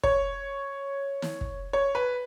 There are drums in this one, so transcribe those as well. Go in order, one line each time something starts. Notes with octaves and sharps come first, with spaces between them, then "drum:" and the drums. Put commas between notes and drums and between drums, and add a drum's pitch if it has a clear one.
C#5, drum: kick
drum: snare
drum: kick
C#5
B4